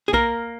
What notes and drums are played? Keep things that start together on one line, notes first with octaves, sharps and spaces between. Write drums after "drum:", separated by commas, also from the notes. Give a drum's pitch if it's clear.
G#4
A#3 A#4, drum: kick B1